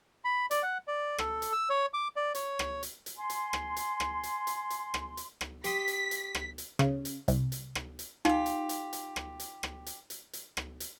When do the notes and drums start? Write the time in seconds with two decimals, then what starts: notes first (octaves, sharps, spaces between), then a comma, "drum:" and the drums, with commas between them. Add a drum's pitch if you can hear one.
0.24 B5
0.51 D5, drum: hi-hat
0.63 F#5
0.88 D5
1.18 A4, drum: rim click
1.42 drum: hi-hat
1.53 E6
1.70 C#5
1.94 D6
2.16 D5
2.35 C#5, drum: hi-hat
2.59 drum: rim click
2.83 drum: hi-hat
3.06 drum: hi-hat
3.17 G#5 C6
3.30 drum: hi-hat
3.53 drum: rim click
3.76 drum: hi-hat
4.00 drum: rim click
4.23 drum: hi-hat
4.47 drum: hi-hat
4.70 drum: hi-hat
4.94 drum: rim click
5.17 drum: hi-hat
5.41 drum: rim click
5.64 G4 C6 D#6 B6, drum: hi-hat
5.88 drum: hi-hat
6.11 drum: hi-hat
6.35 drum: rim click
6.58 drum: hi-hat
6.79 C#3, drum: rim click
7.05 drum: hi-hat
7.28 C2, drum: hi-hat
7.52 drum: hi-hat
7.75 drum: rim click
7.99 drum: hi-hat
8.25 D#4 F4 G4, drum: rim click
8.46 drum: hi-hat
8.69 drum: hi-hat
8.93 drum: hi-hat
9.16 drum: rim click
9.40 drum: hi-hat
9.63 drum: rim click
9.86 drum: hi-hat
10.10 drum: hi-hat
10.33 drum: hi-hat
10.57 drum: rim click
10.80 drum: hi-hat